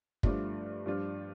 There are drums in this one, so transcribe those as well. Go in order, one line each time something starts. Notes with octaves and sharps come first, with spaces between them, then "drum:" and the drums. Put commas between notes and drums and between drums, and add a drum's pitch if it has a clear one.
G2 F3 A3 D4 F4, drum: kick
G2 F3 D4 F4